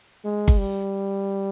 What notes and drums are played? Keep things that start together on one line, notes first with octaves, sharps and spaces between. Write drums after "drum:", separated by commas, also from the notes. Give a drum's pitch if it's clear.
G#3
drum: kick G1
G3